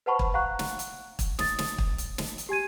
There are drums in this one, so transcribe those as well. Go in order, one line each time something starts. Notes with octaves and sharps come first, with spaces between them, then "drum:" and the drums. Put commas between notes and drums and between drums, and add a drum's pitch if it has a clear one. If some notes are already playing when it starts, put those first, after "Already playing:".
B4 C5 F#5 A5 B5 C#6
drum: kick
F5 F#5 A#5 C#6 F#6
drum: snare
drum: hi-hat
drum: kick, hi-hat
D#6 A6, drum: snare
drum: snare
drum: kick
drum: hi-hat
drum: snare
drum: hi-hat
G4 G#5 G#6 D#7